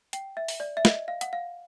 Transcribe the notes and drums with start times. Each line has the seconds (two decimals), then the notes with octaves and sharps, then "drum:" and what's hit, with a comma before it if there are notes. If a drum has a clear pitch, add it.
0.13 G5, drum: hi-hat
0.37 E5
0.48 drum: open hi-hat
0.60 D5
0.77 E5
0.85 D#5, drum: snare
1.08 F5
1.21 F#5, drum: hi-hat
1.33 F5